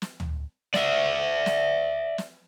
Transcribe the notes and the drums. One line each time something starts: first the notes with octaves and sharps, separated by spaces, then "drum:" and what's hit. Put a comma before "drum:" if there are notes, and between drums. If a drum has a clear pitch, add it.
drum: snare
drum: tom
D5 E5, drum: snare
drum: snare
drum: snare